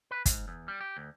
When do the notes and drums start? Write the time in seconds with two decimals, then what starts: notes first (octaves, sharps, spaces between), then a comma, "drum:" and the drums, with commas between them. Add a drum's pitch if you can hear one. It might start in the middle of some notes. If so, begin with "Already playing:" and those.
0.11 B4
0.26 G#2, drum: kick, hi-hat
0.48 E2
0.68 G3
0.81 G4
0.97 D2